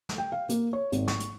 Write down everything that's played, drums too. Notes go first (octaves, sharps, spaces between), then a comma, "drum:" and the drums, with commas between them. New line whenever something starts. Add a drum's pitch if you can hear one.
drum: snare
G5
F5
A#3, drum: hi-hat
C#5
G#1, drum: hi-hat
C#6, drum: snare
drum: hi-hat